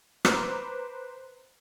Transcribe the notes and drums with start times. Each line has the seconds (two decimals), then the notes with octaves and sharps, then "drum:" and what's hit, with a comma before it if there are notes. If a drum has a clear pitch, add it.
0.25 B4 C5 A#5 D6, drum: rim click